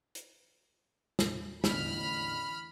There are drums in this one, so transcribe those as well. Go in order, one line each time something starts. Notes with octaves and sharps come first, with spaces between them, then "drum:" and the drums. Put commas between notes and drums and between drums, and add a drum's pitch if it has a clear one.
drum: hi-hat
drum: snare
A1 E2 D3 B5 F6, drum: snare